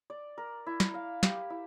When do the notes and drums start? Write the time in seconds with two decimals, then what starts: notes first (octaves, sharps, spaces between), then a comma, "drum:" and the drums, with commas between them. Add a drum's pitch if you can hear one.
0.10 D5
0.38 A#4
0.67 E4
0.80 drum: snare
0.94 F5
1.23 G4, drum: snare
1.50 E4